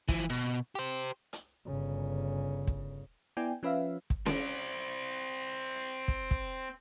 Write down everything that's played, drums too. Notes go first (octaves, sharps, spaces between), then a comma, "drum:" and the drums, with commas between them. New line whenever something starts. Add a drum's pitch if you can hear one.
E3 F3, drum: kick
B2
G4 C5
drum: hi-hat
G1 C#3
drum: kick
B3 E4 D5 G5 G#5
F3 C#4 B4 E5 F5
drum: kick
C4 D5, drum: snare C#4
drum: kick
drum: kick